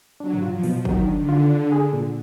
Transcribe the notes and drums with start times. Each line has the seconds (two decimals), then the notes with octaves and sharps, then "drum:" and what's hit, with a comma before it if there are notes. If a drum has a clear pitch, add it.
0.20 F#3 D4
0.33 drum: tom G2
0.42 F4
0.53 F3
0.63 B2, drum: open hi-hat
0.85 D#3 F#3, drum: kick
1.07 D4
1.18 D3
1.29 F4
1.50 D4
1.72 G#4
1.93 A#2